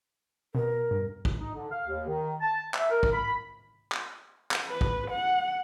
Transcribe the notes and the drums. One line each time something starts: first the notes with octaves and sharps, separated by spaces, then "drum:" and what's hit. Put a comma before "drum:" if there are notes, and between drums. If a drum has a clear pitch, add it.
B2 A#4
G2
drum: kick
D#4
D3
F5
D#2
D#3
A5
E5, drum: clap
A#4
drum: kick
B5
drum: clap
drum: clap
B4
drum: kick
F#5